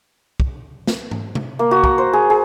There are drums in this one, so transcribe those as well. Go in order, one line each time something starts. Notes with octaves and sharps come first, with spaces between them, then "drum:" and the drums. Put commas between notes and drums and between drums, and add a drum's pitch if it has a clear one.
drum: kick
drum: snare
drum: tom G#2
drum: tom C3
A#3
F#4
A#5, drum: kick
C5
G#4
G#4